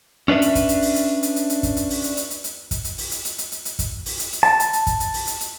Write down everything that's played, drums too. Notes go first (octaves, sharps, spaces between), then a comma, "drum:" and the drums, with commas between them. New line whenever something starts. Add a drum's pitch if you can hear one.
C#4 D4 B4 E5
drum: hi-hat
drum: kick, hi-hat
drum: hi-hat
drum: open hi-hat
drum: hi-hat
drum: hi-hat
drum: hi-hat
drum: hi-hat
drum: kick, hi-hat
drum: hi-hat
drum: open hi-hat
drum: hi-hat
drum: hi-hat
drum: hi-hat
drum: hi-hat
drum: kick, hi-hat
drum: hi-hat
drum: open hi-hat
drum: hi-hat
drum: hi-hat
drum: hi-hat
drum: hi-hat
drum: hi-hat
drum: kick, hi-hat
drum: open hi-hat
drum: hi-hat
drum: hi-hat
A5
drum: hi-hat
drum: hi-hat
drum: kick, hi-hat
drum: hi-hat
drum: open hi-hat
drum: hi-hat
drum: hi-hat